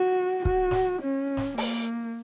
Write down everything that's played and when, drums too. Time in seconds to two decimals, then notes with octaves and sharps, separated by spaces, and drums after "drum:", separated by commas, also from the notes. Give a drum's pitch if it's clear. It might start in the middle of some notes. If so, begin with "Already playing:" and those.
Already playing: F#4
0.45 F#4, drum: kick
0.71 drum: snare
1.02 C#4
1.37 drum: snare
1.58 A#3, drum: open hi-hat